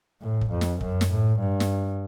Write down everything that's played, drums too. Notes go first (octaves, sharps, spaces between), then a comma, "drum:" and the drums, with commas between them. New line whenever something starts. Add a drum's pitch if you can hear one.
A2
drum: kick
F2
drum: snare
F#2, drum: kick
drum: snare
A2
G2
drum: snare